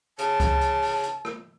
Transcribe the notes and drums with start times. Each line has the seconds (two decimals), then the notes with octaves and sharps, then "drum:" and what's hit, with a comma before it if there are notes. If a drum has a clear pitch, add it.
0.19 C#3 A5, drum: hi-hat
0.40 drum: kick C#2, hi-hat
0.61 drum: hi-hat
0.82 drum: open hi-hat
1.04 drum: hi-hat
1.25 drum: rim click